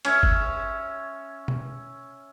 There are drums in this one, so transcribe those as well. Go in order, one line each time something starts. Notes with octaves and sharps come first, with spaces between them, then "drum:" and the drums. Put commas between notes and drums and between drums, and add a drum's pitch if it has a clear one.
C#4 C#5 E5, drum: cymbal
drum: kick G1
drum: tom B2